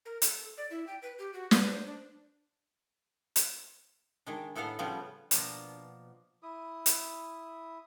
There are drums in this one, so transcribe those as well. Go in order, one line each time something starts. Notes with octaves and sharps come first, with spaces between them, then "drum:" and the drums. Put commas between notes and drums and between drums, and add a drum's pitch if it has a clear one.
A#4
A4, drum: hi-hat
D5
E4
G5
B4
G4
F#4
B4, drum: snare
C5
D4
drum: hi-hat
D#3 G#3 D4
A2 B3 A4 F5 F#5
C#3 F3 G3 B3 C#4
B2 F3 A#3 D4, drum: hi-hat
E4 D#6
drum: hi-hat